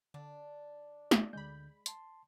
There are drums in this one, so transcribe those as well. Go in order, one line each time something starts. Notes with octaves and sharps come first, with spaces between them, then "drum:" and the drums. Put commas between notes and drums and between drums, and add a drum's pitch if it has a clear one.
D3 D4
drum: snare
D2 D3 G#3 B5 G6
A5 C6, drum: hi-hat